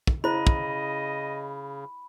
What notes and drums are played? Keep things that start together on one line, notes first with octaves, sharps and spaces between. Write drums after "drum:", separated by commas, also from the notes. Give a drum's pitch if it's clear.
drum: kick
C#3 E4 C5 D#5 B5
drum: kick